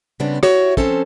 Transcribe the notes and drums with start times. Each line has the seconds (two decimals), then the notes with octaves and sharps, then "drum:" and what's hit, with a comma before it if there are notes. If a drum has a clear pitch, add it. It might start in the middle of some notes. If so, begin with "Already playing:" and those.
0.20 C#3 G3 B3 C4 D4
0.43 E4 F#4 G4 C#5, drum: rim click
0.77 F3 C4 C#4 A4 C5, drum: kick